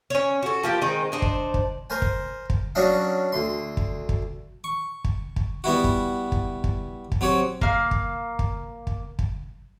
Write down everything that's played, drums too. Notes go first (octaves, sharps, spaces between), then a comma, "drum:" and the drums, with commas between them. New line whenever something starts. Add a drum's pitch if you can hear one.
C#4 C#5
F#4 A4
F3 A#3 G4
D#3 G#3 C4 D#4
D4 D#4 C5
drum: kick
drum: kick
A#4 C5 G#5
drum: kick
drum: kick
F#3 C#4 D4 D#5 F5
D2 C6
drum: kick
drum: kick
C#6
drum: kick
drum: kick
G3 B3 E4 F#4
drum: kick
drum: kick
drum: kick
drum: kick
F#3 C4 G4 C#5
A#3 F5, drum: kick
drum: kick
drum: kick
drum: kick
drum: kick